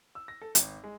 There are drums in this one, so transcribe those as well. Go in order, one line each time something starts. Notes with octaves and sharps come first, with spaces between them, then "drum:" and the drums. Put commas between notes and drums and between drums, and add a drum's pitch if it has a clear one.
E6
A#6
A4
G#1, drum: hi-hat
G#3